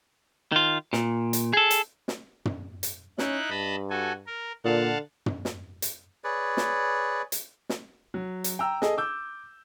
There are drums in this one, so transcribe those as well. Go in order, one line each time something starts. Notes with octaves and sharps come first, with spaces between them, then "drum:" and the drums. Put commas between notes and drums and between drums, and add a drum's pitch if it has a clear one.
D#3 F4
A#2, drum: snare
drum: hi-hat
G#4 A4
drum: hi-hat
drum: snare
drum: tom
drum: hi-hat
C#4 D#4 E4 F#6, drum: snare
G2 D#5 A5 B5
F#4 A4 G#5
A#4
A#2 D3 F5 F#5 A5
drum: tom
drum: snare
drum: hi-hat
G#4 B4 C#5 D5
drum: snare
drum: hi-hat
drum: snare
F#3
drum: hi-hat
G5 A#5 E6
G#4 A4 D#5, drum: snare
D6 E6 G6